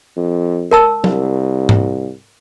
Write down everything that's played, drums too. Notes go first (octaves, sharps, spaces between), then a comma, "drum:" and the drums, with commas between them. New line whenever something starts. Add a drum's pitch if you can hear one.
F2
A#4 A5 E6
C2, drum: tom
drum: tom G#2